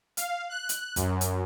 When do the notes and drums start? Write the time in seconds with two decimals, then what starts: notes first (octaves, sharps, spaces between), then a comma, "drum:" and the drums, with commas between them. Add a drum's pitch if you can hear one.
0.17 F5, drum: hi-hat
0.49 F#6
0.69 drum: hi-hat
0.96 F#2, drum: kick, hi-hat
1.21 drum: hi-hat